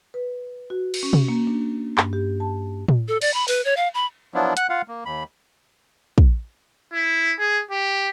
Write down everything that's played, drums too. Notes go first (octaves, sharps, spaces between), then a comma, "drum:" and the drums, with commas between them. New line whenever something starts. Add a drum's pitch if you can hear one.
B4
F#4
drum: cymbal
C#4
drum: tom
A#3
D4
G2, drum: clap
G4
A5
drum: tom
A4
D5, drum: cymbal
B5
B4, drum: open hi-hat
C#5
F5
B5
F3 F#3 B3 D4 E4 F4
F#5 F#6, drum: hi-hat
F4 F5 F#5
A#3
D#2 B5
drum: kick
E4
G#4
G4